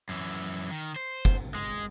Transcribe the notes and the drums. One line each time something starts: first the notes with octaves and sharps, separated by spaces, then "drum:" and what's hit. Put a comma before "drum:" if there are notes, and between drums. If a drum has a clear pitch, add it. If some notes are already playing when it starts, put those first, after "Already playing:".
F#2 E3
D#3
C5
drum: kick
G#3